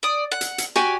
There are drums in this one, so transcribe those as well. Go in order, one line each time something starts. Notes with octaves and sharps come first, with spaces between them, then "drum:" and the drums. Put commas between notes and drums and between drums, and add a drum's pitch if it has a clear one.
D5 D#6
F#5
drum: hi-hat
drum: hi-hat
F#4 G4 D5 G#5, drum: snare